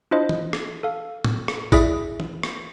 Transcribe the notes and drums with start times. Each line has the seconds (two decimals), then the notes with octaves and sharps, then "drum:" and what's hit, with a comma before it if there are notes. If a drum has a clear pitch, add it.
0.11 D4 E4 F4 C5 D#5
0.29 drum: tom
0.53 drum: rim click
0.83 A4 F5
1.25 drum: tom A2
1.48 drum: rim click
1.72 E4 G#4 D5 E5, drum: kick, tambourine
2.20 drum: tom
2.43 drum: rim click